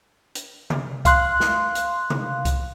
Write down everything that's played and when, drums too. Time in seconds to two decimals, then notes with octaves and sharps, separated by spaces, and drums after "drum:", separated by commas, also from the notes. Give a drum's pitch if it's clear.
0.35 drum: hi-hat
0.70 drum: tom C3
1.05 F5 C6 F#6, drum: kick C2, hi-hat
1.40 drum: snare
1.75 drum: hi-hat
2.10 drum: tom C3
2.45 drum: kick C2, hi-hat